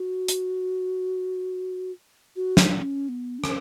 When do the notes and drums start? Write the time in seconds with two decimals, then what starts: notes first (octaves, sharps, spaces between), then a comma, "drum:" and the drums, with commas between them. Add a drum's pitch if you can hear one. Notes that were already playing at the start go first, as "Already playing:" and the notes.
Already playing: F#4
0.28 drum: hi-hat
2.36 F#4
2.57 D4, drum: snare
2.78 C#4
3.09 B3
3.39 D4
3.44 C#4, drum: rim click